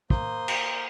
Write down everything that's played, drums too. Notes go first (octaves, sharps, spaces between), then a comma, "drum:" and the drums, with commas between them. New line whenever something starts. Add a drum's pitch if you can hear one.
A#3 C5 C6 D#6, drum: kick
drum: cymbal